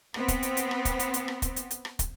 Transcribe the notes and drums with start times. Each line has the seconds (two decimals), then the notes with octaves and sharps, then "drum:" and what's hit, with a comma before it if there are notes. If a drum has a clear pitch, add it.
0.14 B3 C4, drum: rim click
0.28 drum: kick, hi-hat
0.43 drum: hi-hat
0.57 drum: hi-hat
0.71 drum: rim click
0.85 drum: kick, hi-hat
0.99 drum: hi-hat
1.14 drum: hi-hat
1.28 drum: rim click
1.42 drum: kick, hi-hat
1.56 drum: hi-hat
1.71 drum: hi-hat
1.85 drum: rim click
1.99 drum: kick, hi-hat